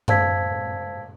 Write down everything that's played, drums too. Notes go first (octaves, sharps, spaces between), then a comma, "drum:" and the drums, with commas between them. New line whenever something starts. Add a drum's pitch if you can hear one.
C5 F5 A5 E6 G#6 B6, drum: tom F#2